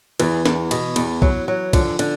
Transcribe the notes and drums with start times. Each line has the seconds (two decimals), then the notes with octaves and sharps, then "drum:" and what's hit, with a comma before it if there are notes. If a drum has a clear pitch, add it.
0.20 E2 E3, drum: cymbal
0.46 E2, drum: snare
0.71 B2, drum: cymbal
0.96 E2, drum: cymbal
1.22 F#3, drum: kick
1.48 F#3
1.73 D3 F3, drum: kick, cymbal
1.99 D3, drum: cymbal